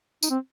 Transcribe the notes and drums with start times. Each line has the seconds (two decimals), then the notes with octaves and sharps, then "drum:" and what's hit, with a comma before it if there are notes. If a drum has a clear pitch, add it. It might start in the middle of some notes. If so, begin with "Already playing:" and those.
0.23 D#4, drum: tambourine
0.30 C4